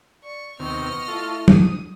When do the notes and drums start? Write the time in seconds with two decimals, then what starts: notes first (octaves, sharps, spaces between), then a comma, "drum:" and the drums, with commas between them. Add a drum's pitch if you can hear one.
0.23 D5 C#6
0.59 D#2 C3 B3 D#5 C#6 F6
1.08 A3 E4 F4 A4
1.48 D#6, drum: tom